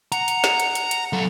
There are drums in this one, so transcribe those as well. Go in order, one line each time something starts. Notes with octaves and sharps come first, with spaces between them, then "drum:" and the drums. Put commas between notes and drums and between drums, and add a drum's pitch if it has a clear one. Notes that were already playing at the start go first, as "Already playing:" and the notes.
F#5 A#5, drum: hi-hat
drum: hi-hat
drum: snare
drum: hi-hat
drum: hi-hat
drum: hi-hat
F#3 A4